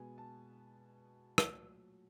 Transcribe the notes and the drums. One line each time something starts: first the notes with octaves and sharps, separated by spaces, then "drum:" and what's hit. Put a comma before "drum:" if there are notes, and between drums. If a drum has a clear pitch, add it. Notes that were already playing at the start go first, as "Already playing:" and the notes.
Already playing: B2 G#3 B3 G#5
A5
A#2 F#3 A3, drum: rim click